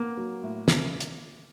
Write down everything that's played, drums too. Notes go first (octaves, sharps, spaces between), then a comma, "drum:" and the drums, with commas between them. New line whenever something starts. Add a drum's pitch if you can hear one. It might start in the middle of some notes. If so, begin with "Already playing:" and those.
Already playing: A#3 B3
F#3
A2
C#3, drum: snare
drum: hi-hat